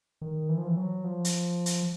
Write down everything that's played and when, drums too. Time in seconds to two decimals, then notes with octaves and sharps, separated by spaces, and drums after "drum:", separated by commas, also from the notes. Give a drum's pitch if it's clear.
0.21 D#3
0.49 E3
0.58 F3
0.67 E3
0.77 F#3
1.04 F3
1.25 drum: hi-hat
1.66 drum: hi-hat